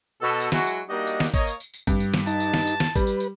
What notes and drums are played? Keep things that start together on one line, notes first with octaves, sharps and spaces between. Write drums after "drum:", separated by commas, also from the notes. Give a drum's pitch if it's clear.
B2 A4
drum: tambourine
F#3 G#3 E4 F#4, drum: snare
drum: tambourine
G3 A#3 D4 D#4 F#4 D#5
drum: tambourine
drum: snare
A#3 C#5 D#5, drum: kick, tambourine
drum: tambourine
drum: tambourine
drum: tambourine
G2, drum: kick, tambourine
drum: tambourine
drum: snare
D#4 A5, drum: tambourine
drum: tambourine
drum: snare
drum: tambourine
drum: snare
G3 B4, drum: kick, tambourine
drum: tambourine
drum: tambourine